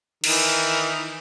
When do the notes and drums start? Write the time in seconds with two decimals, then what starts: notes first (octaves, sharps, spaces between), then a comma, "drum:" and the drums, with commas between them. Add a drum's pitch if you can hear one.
0.24 D#3 E3, drum: cymbal